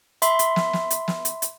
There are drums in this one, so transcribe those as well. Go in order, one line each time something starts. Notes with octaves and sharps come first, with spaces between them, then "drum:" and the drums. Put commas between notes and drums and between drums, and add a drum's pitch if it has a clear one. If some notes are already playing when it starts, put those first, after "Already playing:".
E5 B5 C6, drum: hi-hat
drum: hi-hat
drum: snare
drum: snare
drum: hi-hat
drum: snare
drum: hi-hat
drum: hi-hat